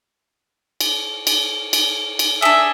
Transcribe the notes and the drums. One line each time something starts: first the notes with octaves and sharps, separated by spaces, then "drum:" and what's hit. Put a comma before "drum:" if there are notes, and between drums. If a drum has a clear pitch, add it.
drum: cymbal
drum: cymbal
drum: cymbal
drum: cymbal
D4 G#4 E5